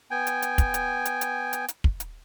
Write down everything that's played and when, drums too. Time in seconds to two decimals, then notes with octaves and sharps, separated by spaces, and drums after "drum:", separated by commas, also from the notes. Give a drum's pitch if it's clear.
0.11 B3 G5 G#5
0.27 drum: hi-hat
0.42 drum: hi-hat
0.58 drum: kick, hi-hat
0.74 drum: hi-hat
1.05 drum: hi-hat
1.21 drum: hi-hat
1.53 drum: hi-hat
1.68 drum: hi-hat
1.84 drum: kick
2.00 drum: hi-hat